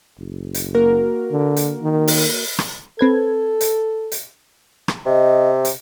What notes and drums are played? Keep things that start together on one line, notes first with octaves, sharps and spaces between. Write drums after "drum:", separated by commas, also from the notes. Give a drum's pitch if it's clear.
F#1
drum: hi-hat
A#3 F#4 A#4
D3
drum: hi-hat
D#3
drum: open hi-hat
drum: rim click
C4 A4 B4 G#6
drum: hi-hat
drum: hi-hat
drum: rim click
C3 D#5
drum: hi-hat